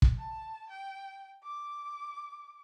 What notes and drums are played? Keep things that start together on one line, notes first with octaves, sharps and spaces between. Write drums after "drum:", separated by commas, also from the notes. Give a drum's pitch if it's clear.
drum: kick
A5
G5
D6